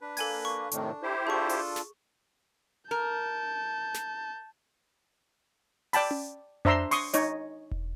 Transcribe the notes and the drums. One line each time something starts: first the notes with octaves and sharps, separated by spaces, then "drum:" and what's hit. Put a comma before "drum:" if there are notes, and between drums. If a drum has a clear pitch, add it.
D4 B4
A#3 A4 G#5 G#6, drum: open hi-hat
C#6
A2 C3 D#3 D4, drum: hi-hat
E4 G4 C5
D4 F4 G#4 A4 C#6
drum: open hi-hat
drum: snare
A#4 A5 G6
drum: snare
D5 G5 A5 B5, drum: open hi-hat
drum: tom C#4
D4 C5 E5 A#5 C6 E6, drum: tom F2
C6 C#6 D#6, drum: open hi-hat
D#4 C#5 D#5, drum: hi-hat
drum: kick E1